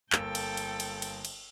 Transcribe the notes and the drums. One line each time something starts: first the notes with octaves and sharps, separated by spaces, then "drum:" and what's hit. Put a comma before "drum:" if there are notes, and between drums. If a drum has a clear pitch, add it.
G1 A#3 A4 G5 E6, drum: clap
drum: cymbal
drum: cymbal
drum: cymbal
drum: cymbal
drum: cymbal